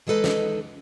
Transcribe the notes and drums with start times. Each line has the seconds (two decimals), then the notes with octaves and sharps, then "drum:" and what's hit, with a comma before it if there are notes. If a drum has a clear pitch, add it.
0.07 E3 G#3 D#4 A4 B4 D#5
0.24 drum: snare